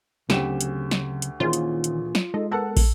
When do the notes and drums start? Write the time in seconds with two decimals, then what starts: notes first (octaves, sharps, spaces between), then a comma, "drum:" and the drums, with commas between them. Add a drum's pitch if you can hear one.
0.30 D2 C#3 F#3 C4 G4 E7, drum: snare
0.61 drum: hi-hat
0.91 drum: snare
1.22 drum: hi-hat
1.40 A#2 D#3 E3 C#4 F4 G#4 C5
1.53 drum: hi-hat
1.84 drum: hi-hat
2.15 drum: snare
2.34 G#3 D#4 A4 D#5
2.51 B3 A4 A#4 F#5 A5 E6
2.77 drum: kick, open hi-hat